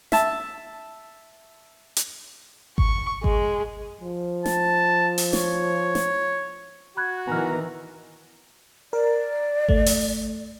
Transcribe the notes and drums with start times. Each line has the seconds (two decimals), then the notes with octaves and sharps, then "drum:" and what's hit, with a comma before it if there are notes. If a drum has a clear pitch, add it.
0.12 E5 A5, drum: snare
1.96 drum: hi-hat
2.78 C#6, drum: kick G#1
3.24 G#3, drum: kick G#1
4.02 F3
4.46 A5, drum: snare
5.18 drum: open hi-hat
5.33 C#5, drum: snare
5.95 drum: snare
6.97 F#4 B5 F#6 G#6
7.27 D#3 E3 B3 G#5 A#5 F6
8.93 A#4 D5
9.69 A3, drum: kick G#1
9.86 drum: open hi-hat